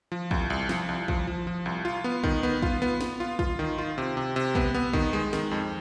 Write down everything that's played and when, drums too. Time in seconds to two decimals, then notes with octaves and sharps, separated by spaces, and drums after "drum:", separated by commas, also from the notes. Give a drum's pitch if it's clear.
0.12 F3
0.31 C2, drum: kick
0.50 C2
0.69 F3, drum: snare
0.89 C2
1.08 F3, drum: kick
1.27 F3
1.47 F3
1.66 C2
1.85 F4
2.04 B3
2.23 D#3, drum: kick
2.43 B3
2.62 F4, drum: kick
2.82 B3
3.01 B3, drum: snare
3.20 F4
3.39 F4, drum: kick
3.59 D#3
3.78 F4
3.98 C3
4.17 C3
4.36 C3
4.55 B3, drum: kick
4.74 B3
4.93 D#3, drum: kick
5.13 G#3
5.33 D#3, drum: snare
5.51 F2